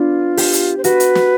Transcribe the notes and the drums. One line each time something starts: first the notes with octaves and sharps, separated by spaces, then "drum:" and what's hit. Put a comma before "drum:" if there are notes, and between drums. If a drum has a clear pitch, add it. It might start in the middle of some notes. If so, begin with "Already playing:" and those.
Already playing: B3 D4 F4
G4, drum: open hi-hat
drum: hi-hat
C5
F#4 B4, drum: hi-hat
drum: hi-hat
drum: snare